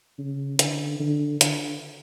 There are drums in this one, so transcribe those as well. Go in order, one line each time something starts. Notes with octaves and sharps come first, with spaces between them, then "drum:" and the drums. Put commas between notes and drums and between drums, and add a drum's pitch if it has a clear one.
C#3
D3, drum: hi-hat
D3
D3, drum: hi-hat